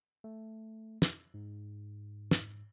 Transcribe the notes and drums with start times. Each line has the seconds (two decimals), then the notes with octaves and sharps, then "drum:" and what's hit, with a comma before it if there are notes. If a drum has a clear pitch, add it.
0.24 A3
1.02 drum: snare
1.34 G#2
2.31 drum: snare